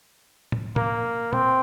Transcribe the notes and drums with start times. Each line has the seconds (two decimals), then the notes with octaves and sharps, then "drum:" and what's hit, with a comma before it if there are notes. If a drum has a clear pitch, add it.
0.52 drum: tom
0.76 A#3, drum: tom
1.33 C4, drum: tom A#2